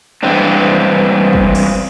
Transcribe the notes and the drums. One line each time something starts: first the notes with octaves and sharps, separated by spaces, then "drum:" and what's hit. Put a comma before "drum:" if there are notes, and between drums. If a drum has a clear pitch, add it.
G2 E3 G#3 C4 D4
drum: kick
drum: cymbal